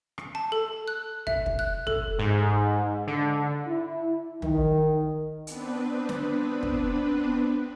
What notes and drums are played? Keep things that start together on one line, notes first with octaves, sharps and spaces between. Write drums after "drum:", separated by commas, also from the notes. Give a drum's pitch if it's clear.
drum: rim click
A5
A4
F#6
E5, drum: kick
drum: kick
F#6
A4, drum: kick
G#2
D3
E4
D#3, drum: tom
B3 C4 D4 B4, drum: hi-hat
drum: snare
drum: kick